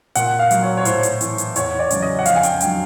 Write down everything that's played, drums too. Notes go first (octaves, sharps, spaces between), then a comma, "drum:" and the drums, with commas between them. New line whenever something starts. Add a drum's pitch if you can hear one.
A#2 F#5, drum: hi-hat
F5
F#3, drum: hi-hat
C#5
C#5
A2 C5, drum: hi-hat
drum: hi-hat
E3, drum: hi-hat
drum: hi-hat
E2 C#5, drum: hi-hat
D5
C#3 F#3, drum: hi-hat
D#5
F#5
F2 F5, drum: hi-hat
G#5
G5, drum: hi-hat
D3 F#3 G5, drum: hi-hat